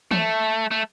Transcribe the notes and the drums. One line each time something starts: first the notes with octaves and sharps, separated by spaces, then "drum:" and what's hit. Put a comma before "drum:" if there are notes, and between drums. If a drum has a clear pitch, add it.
A3, drum: tom
A3